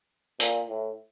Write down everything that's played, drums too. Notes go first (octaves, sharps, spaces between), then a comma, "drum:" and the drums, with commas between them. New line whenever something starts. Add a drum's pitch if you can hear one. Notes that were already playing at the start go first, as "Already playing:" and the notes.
A#2, drum: hi-hat
A2